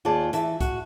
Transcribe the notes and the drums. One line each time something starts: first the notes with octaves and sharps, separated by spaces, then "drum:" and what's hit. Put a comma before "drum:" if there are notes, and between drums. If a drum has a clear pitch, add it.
D#2 F4 G#4 D5 A5
E3 E5 A5, drum: hi-hat
F#4, drum: kick C2, hi-hat